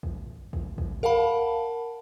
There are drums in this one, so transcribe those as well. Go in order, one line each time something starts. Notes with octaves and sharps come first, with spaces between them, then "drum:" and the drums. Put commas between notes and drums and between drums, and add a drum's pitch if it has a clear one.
drum: kick
drum: kick
drum: kick
A#4 F5 F#5 A5 B5